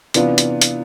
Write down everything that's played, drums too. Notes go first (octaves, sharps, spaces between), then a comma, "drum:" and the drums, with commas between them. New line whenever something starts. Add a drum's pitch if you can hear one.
C3 E3 B3 D4 F4, drum: hi-hat
drum: hi-hat
drum: hi-hat